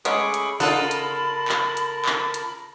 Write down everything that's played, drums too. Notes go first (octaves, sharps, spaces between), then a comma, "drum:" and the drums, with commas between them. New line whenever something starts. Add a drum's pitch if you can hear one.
G#3 A3 C#4 G#4 B5 C#6 D6, drum: hi-hat
drum: hi-hat
C#3 D#4 F4 A4 A#4 F#5 A5, drum: open hi-hat
drum: hi-hat
drum: clap
drum: hi-hat
drum: clap
drum: hi-hat